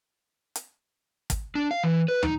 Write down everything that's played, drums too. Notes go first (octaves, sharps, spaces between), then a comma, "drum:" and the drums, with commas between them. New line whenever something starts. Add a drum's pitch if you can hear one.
drum: hi-hat
drum: kick, hi-hat
D4
F5
E3
B4
D#4, drum: tom